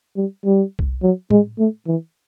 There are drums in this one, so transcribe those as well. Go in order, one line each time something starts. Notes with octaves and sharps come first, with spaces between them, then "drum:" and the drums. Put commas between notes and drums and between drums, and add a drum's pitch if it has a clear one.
G3
G3
drum: kick B1
F#3
G#3, drum: tom A2
A3
E3